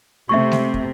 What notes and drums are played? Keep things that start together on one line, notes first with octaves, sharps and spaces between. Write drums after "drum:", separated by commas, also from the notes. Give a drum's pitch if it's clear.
C3 A3 E5 C#6
drum: snare G#3
drum: kick